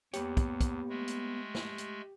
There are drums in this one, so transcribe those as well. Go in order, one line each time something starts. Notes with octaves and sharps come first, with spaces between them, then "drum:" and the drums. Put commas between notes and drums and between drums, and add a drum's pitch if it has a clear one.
E2 A#3 B3 G4 C#5, drum: hi-hat
drum: kick, hi-hat
drum: kick, hi-hat
G#3 A3
drum: hi-hat
drum: snare
drum: hi-hat